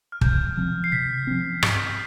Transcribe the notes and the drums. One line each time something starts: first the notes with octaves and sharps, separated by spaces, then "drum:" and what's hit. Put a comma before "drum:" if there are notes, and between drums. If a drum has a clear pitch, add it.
F6
C3 G6, drum: kick
F3 C4
C7
C3 B6
F3 C4
G#2, drum: rim click